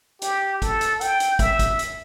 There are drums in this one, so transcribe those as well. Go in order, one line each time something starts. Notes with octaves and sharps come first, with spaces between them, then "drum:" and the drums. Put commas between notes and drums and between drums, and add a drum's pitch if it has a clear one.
G4, drum: hi-hat
A4, drum: kick, hi-hat
drum: hi-hat
G5, drum: hi-hat
drum: hi-hat
E5, drum: kick, hi-hat
drum: kick, hi-hat
drum: hi-hat